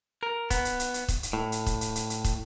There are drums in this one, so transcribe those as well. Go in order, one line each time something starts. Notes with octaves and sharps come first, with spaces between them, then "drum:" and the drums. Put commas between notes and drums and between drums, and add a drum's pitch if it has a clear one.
A#4
B3, drum: kick, hi-hat
drum: hi-hat
drum: hi-hat
drum: hi-hat
drum: kick, hi-hat
drum: hi-hat
A2
drum: hi-hat
drum: kick, hi-hat
drum: hi-hat
drum: hi-hat
drum: hi-hat
drum: kick, hi-hat